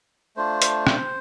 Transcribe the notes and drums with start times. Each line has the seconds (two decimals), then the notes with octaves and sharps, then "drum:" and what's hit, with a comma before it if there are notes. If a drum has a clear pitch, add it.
0.36 A3 D4 F4 C5
0.62 drum: hi-hat
0.87 drum: rim click